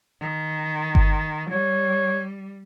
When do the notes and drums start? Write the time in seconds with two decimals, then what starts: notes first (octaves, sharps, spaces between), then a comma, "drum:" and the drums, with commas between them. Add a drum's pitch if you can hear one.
0.21 D#3
0.95 drum: kick G1
1.50 G3 C#5